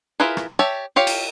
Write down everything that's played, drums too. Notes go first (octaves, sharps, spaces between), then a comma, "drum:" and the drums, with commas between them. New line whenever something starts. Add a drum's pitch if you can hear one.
E4 F4 G#4 A#4 B4
drum: rim click
G4 C#5 E5 A5
F4 G4 C#5 F5
drum: cymbal